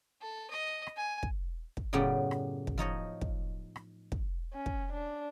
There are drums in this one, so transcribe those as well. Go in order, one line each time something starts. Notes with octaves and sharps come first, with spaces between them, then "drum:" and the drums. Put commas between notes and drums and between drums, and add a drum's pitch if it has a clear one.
A4
D#5
drum: rim click
G#5
drum: kick
drum: kick
F#2 A2 C#3 B3 G4 D5
drum: rim click
drum: kick
F3 D#4 C#5 D#5
drum: kick
drum: rim click
drum: kick
C#4
drum: kick
D4